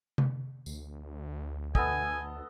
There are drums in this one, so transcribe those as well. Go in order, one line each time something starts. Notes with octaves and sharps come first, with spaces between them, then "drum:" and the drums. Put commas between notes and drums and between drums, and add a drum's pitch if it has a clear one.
drum: tom C3
D2, drum: tambourine
B3 A4 D#5 G#5, drum: kick